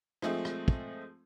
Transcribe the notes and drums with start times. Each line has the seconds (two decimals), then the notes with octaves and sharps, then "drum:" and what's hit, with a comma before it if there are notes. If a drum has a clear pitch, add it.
0.22 F3 G#3 A3 C4, drum: rim click
0.45 drum: rim click
0.68 drum: kick